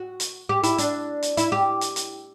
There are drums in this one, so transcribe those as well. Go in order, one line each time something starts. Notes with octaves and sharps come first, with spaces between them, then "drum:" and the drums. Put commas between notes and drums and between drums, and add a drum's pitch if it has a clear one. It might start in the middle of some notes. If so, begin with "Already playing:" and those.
Already playing: F#4
drum: hi-hat
G4
E4, drum: hi-hat
D4, drum: hi-hat
drum: hi-hat
E4, drum: hi-hat
G4
drum: hi-hat
drum: hi-hat